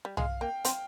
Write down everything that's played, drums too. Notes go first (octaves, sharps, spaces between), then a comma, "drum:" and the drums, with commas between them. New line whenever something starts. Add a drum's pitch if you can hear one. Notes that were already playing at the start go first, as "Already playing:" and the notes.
G3
G#3 F5, drum: tom
A#3 G5
C4 G5, drum: hi-hat